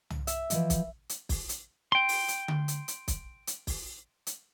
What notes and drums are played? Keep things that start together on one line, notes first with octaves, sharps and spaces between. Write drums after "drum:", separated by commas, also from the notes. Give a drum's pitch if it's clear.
drum: tom
E5, drum: hi-hat
E3 F3 D#5, drum: hi-hat
drum: kick, hi-hat
drum: hi-hat
drum: kick, open hi-hat
drum: hi-hat
G5 C6
drum: open hi-hat
drum: hi-hat
drum: tom D3
drum: hi-hat
drum: hi-hat
drum: kick, hi-hat
drum: hi-hat
drum: kick, open hi-hat
drum: hi-hat